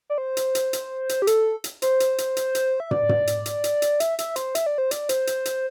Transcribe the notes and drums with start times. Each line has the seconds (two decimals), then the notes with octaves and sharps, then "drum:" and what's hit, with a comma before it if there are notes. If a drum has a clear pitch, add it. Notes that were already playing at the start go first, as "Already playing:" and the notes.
0.10 D5
0.18 C5
0.37 drum: hi-hat
0.55 drum: hi-hat
0.73 drum: hi-hat
1.09 drum: hi-hat
1.22 G4
1.27 A4, drum: hi-hat
1.64 drum: hi-hat
1.82 C5, drum: hi-hat
2.00 drum: hi-hat
2.18 drum: hi-hat
2.37 drum: hi-hat
2.55 drum: hi-hat
2.80 E5
2.91 D5, drum: tom
3.09 drum: tom
3.27 drum: hi-hat
3.46 drum: hi-hat
3.64 drum: hi-hat
3.82 drum: hi-hat
4.00 E5, drum: hi-hat
4.19 E5, drum: hi-hat
4.36 C5, drum: hi-hat
4.55 E5, drum: hi-hat
4.66 D5
4.78 C5
4.91 D5, drum: hi-hat
5.09 C5, drum: hi-hat
5.27 drum: hi-hat
5.45 drum: hi-hat